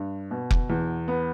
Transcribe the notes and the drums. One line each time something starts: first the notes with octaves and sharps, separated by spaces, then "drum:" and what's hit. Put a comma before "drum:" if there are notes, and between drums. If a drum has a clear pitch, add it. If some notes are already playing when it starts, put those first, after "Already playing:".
Already playing: G2
B2
drum: kick F1
E2
B3